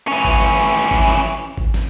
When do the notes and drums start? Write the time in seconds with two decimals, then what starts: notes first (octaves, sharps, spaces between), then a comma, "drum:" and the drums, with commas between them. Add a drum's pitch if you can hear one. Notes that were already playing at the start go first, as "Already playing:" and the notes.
0.08 E3 C#4
0.25 drum: kick G#1
0.41 drum: snare
0.91 drum: kick G#1
1.08 drum: snare
1.57 drum: kick G#1
1.74 drum: snare